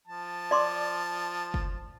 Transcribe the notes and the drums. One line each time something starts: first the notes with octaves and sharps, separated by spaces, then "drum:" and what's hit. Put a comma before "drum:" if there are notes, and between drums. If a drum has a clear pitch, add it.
F3 A5
D5 C6 D6
drum: kick